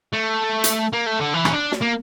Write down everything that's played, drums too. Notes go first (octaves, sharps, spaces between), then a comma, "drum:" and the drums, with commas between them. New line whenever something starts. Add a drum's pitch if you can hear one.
A3
drum: hi-hat
A#3
A3
D3
E3
C#4, drum: rim click
D4
drum: snare
A#3